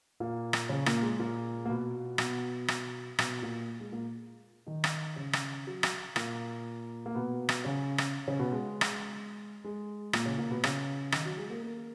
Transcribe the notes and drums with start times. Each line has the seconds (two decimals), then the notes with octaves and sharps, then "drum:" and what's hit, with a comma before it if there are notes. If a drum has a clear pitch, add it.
0.20 A#2 A#3
0.53 drum: rim click
0.69 C#3 C#4
0.86 A#2 A#3, drum: rim click
1.02 G#3
1.19 A#2 A#3
1.65 A#3
1.70 B2 B3
2.18 B2 B3, drum: rim click
2.68 drum: rim click
3.19 B2 B3, drum: rim click
3.42 A#2 A#3
3.80 G#3
3.92 A#2 A#3
4.67 D#3 D#4
4.84 drum: rim click
5.16 C#3 C#4
5.33 drum: rim click
5.67 F#3
5.83 drum: rim click
6.16 A#2 A#3, drum: rim click
7.06 A#3
7.15 B2 B3
7.49 drum: rim click
7.65 C#3 C#4
7.98 drum: rim click
8.28 C#3 C#4
8.39 B2 B3
8.52 G#3
8.81 drum: rim click
9.65 G#3
10.13 A#2 A#3, drum: rim click
10.26 C#3 C#4
10.38 A#2 A#3
10.50 B2 B3
10.64 C#3 C#4, drum: rim click
11.12 D#3 D#4, drum: rim click
11.25 F#3 F#4
11.37 G#3 G#4
11.50 A#3 A#4
11.63 A#3 A#4